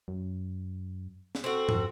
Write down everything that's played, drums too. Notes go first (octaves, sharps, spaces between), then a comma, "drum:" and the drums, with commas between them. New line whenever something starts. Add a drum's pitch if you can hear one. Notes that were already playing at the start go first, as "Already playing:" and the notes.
F#2
drum: snare
C4 F#4 A4
F2, drum: tom